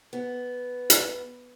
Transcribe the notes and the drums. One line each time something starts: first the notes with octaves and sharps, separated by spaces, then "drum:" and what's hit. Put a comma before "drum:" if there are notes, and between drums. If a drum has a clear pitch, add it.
B3
drum: hi-hat